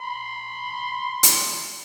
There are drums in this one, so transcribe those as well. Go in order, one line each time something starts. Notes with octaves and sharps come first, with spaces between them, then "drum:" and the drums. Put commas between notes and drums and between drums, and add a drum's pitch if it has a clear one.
B5 C6
drum: hi-hat